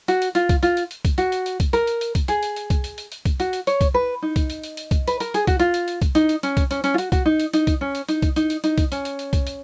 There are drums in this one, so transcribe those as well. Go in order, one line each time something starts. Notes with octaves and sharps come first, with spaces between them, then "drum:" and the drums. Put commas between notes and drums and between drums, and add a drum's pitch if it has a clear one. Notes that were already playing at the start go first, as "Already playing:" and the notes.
F#4, drum: hi-hat
drum: hi-hat
F4, drum: hi-hat
drum: kick, hi-hat
F4, drum: hi-hat
drum: hi-hat
drum: hi-hat
drum: kick, hi-hat
F#4, drum: hi-hat
drum: hi-hat
drum: hi-hat
drum: kick, hi-hat
A#4, drum: hi-hat
drum: hi-hat
drum: hi-hat
drum: kick, hi-hat
G#4, drum: hi-hat
drum: hi-hat
drum: hi-hat
drum: kick, hi-hat
drum: hi-hat
drum: hi-hat
drum: hi-hat
drum: kick, hi-hat
F#4, drum: hi-hat
drum: hi-hat
C#5, drum: hi-hat
drum: kick, hi-hat
B4
D#4
drum: kick, hi-hat
drum: hi-hat
drum: hi-hat
drum: hi-hat
drum: kick, hi-hat
B4, drum: hi-hat
A#4, drum: hi-hat
G#4, drum: hi-hat
F#4, drum: kick, hi-hat
F4, drum: hi-hat
drum: hi-hat
drum: hi-hat
drum: kick, hi-hat
D#4, drum: hi-hat
drum: hi-hat
C#4, drum: hi-hat
drum: kick, hi-hat
C#4, drum: hi-hat
C#4, drum: hi-hat
F4
F#4, drum: hi-hat
F#4, drum: kick, hi-hat
D#4
drum: hi-hat
D#4, drum: hi-hat
drum: kick, hi-hat
C#4
drum: hi-hat
D#4, drum: hi-hat
drum: kick, hi-hat
D#4, drum: hi-hat
drum: hi-hat
D#4, drum: hi-hat
drum: kick, hi-hat
C#4, drum: hi-hat
drum: hi-hat
drum: hi-hat
drum: kick, hi-hat
drum: hi-hat